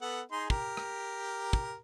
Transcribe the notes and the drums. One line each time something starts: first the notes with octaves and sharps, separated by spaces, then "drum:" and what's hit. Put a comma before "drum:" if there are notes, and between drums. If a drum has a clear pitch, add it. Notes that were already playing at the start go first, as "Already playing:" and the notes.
B3 A4 F#5
D#4 G#4 C6
G4 A#4, drum: kick
drum: rim click
drum: kick